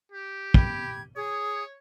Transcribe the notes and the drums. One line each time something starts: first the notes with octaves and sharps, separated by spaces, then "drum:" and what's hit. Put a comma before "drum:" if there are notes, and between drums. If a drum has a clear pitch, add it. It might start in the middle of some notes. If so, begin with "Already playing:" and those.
G4
G5 B5 G#6, drum: kick
G#4 C#5 D#6